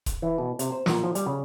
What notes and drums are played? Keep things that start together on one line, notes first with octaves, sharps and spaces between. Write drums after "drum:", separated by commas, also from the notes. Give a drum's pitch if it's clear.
drum: kick D#1, hi-hat
E3
B2
C3, drum: hi-hat
C5
A#2, drum: snare
F3
G3, drum: hi-hat
C#3